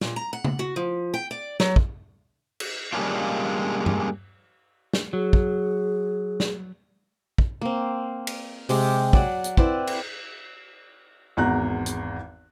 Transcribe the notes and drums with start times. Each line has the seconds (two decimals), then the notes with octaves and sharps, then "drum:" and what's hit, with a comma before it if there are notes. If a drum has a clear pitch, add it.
0.01 A#2, drum: snare
0.16 A#5
0.33 F#5
0.45 drum: tom C#3
0.59 F#4
0.76 F3
1.14 G5
1.31 D5
1.60 F#3, drum: snare
1.76 drum: kick
2.60 drum: cymbal
2.93 G3 G#3 A#3 C#4 D4 F4
3.86 drum: tom G2
4.93 drum: snare
5.13 F#3 G#4
5.33 drum: kick
6.40 drum: snare
7.38 drum: kick
7.61 A#3 C4
8.27 drum: cymbal
8.69 C3 G#3 G4, drum: open hi-hat
9.13 F#3 D5 F#5, drum: kick
9.44 drum: hi-hat
9.57 C4 E4 B4 D5, drum: kick
9.87 drum: cymbal
11.37 G#1 E2 A#5 F#6
11.86 drum: hi-hat